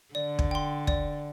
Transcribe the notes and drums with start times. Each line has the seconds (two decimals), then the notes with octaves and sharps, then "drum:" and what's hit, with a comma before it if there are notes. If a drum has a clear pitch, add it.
0.14 D3 D5
0.39 drum: kick
0.51 G5 C6
0.87 D5, drum: kick